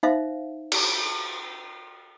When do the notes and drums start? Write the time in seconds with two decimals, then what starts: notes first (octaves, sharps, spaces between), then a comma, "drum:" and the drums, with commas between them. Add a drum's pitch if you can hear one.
0.03 D#4 C5 E5 F5
0.72 drum: cymbal